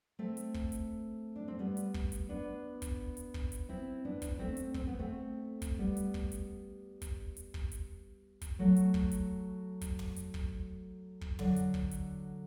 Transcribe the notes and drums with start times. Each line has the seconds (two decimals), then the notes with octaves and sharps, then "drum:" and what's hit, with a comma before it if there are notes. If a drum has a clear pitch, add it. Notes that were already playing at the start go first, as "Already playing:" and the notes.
0.19 A3 C4
0.37 drum: hi-hat
0.54 drum: kick
0.72 drum: hi-hat
1.36 D4
1.48 C4
1.59 G3 B3
1.77 drum: hi-hat
1.94 drum: kick
2.12 drum: hi-hat
2.29 B3 D4
2.82 drum: kick, hi-hat
3.17 drum: hi-hat
3.34 drum: kick
3.52 drum: hi-hat
3.69 C4 E4
4.05 B3 D4
4.22 drum: kick, hi-hat
4.39 A3 C4
4.57 drum: hi-hat
4.74 C4, drum: kick
4.87 B3
4.99 A3 C4
5.62 drum: kick, hi-hat
5.79 G3 B3
5.97 drum: hi-hat
6.14 drum: kick
6.32 drum: hi-hat
7.02 drum: kick, hi-hat
7.37 drum: hi-hat
7.54 drum: kick
7.72 drum: hi-hat
8.41 drum: kick, hi-hat
8.59 F#3 A3
8.76 drum: hi-hat
8.94 drum: kick
9.11 drum: hi-hat
9.81 drum: kick, hi-hat
9.99 drum: tom
10.16 drum: hi-hat
10.34 drum: kick
11.21 drum: kick
11.39 D3 F#3, drum: tom
11.56 drum: hi-hat
11.74 drum: kick
11.91 drum: hi-hat